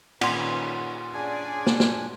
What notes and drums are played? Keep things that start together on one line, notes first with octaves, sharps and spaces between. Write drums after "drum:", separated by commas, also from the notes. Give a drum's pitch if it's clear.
A#2 D#3 C#4 B4 F#5 C6, drum: cymbal
C#4 D4 G#4 D5 G#5
drum: snare
drum: snare